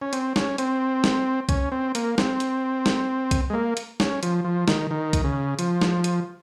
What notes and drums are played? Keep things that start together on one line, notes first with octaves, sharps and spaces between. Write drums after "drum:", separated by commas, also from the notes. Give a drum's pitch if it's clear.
C#4
C4, drum: hi-hat
C#4, drum: snare
C4, drum: hi-hat
drum: snare
C#4, drum: kick, hi-hat
C4
A#3, drum: hi-hat
C4, drum: snare
drum: hi-hat
drum: snare
drum: kick, hi-hat
G#3
A#3
drum: hi-hat
C#4, drum: snare
F3, drum: hi-hat
F3
D#3, drum: snare
D#3
drum: kick, hi-hat
C#3
F3, drum: hi-hat
drum: snare
drum: hi-hat